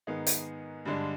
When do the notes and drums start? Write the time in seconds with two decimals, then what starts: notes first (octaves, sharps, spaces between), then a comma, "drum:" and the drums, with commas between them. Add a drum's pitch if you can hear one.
0.07 G#2 D#3 B3 D#4 G#4
0.27 drum: hi-hat
0.85 G2 D3 G#3 D4